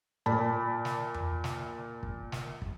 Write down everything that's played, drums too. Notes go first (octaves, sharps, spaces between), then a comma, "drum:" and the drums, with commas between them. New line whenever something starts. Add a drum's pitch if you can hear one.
A#2 D5 A5 B5
drum: snare
drum: tom E2
drum: snare
drum: kick
drum: snare
drum: kick